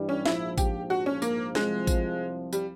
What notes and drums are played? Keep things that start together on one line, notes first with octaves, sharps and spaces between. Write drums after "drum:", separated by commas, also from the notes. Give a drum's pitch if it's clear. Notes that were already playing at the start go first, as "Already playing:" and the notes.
Already playing: G2 E3 G3
C#4
A#1 G#2 F3 E4, drum: snare
G4, drum: kick A1, tambourine
F#4
C#4
A#3, drum: tambourine
C2 C3 F3 G#3, drum: snare
drum: kick A1, tambourine
G3, drum: tambourine